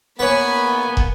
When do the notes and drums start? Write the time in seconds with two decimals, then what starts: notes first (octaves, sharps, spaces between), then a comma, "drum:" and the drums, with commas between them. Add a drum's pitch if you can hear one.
0.19 A#3 B3 B4 C#5 G#5 B5
0.97 drum: kick